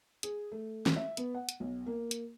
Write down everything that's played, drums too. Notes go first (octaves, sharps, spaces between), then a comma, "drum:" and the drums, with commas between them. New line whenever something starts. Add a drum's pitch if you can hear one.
G#4, drum: hi-hat
A3
drum: snare
E5
B3, drum: hi-hat
F#5
drum: hi-hat
B1
A#3
drum: hi-hat